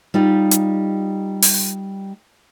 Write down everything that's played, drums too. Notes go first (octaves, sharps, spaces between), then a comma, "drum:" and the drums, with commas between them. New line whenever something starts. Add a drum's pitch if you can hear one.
G3 D#4 F4 G4
drum: hi-hat
drum: open hi-hat